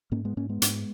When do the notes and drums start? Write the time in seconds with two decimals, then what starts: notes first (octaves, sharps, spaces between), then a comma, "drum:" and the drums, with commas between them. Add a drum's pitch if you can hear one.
0.12 G#2 A#3 C#4
0.25 G#3 B3
0.37 G#2 A#3 C#4
0.49 G#3 B3
0.62 G#2, drum: hi-hat